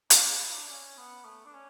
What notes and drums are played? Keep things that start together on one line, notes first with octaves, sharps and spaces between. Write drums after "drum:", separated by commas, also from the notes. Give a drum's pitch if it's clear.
D4, drum: hi-hat
E4
D4
C#4
B3
A3
D4
C#4